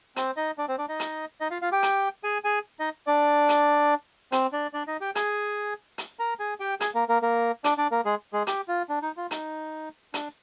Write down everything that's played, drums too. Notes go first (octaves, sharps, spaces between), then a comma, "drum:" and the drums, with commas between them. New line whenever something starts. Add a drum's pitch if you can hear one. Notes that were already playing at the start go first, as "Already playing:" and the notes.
C4 C5, drum: hi-hat
D#4 D#5
D4 D5
C4 C5
D4 D5
D#4 D#5
drum: hi-hat
D#4 D#5
F4 F5
F4 F5
G4 G5
drum: hi-hat
G#4 G#5
G#4 G#5
D#4 D#5
D4 D5
drum: hi-hat
C4 C5, drum: hi-hat
D4 D5
D4 D5
D#4 D#5
G4 G5
G#4 G#5, drum: hi-hat
drum: hi-hat
A#4 A#5
G#4 G#5
G4 G5
G#4 G#5, drum: hi-hat
A#3 A#4
A#3 A#4
A#3 A#4
D4 D5, drum: hi-hat
D4 D5
A#3 A#4
G#3 G#4
G#3 G#4
G4, drum: hi-hat
F4
D4
D#4
F4
D#4, drum: hi-hat
D4, drum: hi-hat